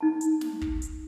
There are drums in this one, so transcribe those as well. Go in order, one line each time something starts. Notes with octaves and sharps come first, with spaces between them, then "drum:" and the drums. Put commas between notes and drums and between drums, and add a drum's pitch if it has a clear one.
D#4 A5
drum: hi-hat
drum: snare
drum: kick
drum: hi-hat